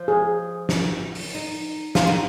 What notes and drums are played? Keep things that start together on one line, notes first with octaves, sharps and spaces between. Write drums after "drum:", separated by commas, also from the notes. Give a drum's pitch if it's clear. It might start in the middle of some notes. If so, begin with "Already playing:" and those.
Already playing: F3
G#4
drum: snare
drum: open hi-hat
D#4
F4, drum: snare
D#4